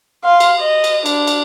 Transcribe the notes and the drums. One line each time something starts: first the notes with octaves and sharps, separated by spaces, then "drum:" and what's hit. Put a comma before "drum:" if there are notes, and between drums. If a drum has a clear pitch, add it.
F5 C6
drum: cymbal
D#5
drum: cymbal
D4, drum: cymbal
drum: cymbal